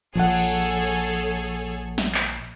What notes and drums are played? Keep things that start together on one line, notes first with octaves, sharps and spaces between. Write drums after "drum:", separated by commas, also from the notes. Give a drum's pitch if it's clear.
A#1 F3 G#4 A4 C#5 F#5, drum: hi-hat
drum: cymbal
drum: snare
drum: clap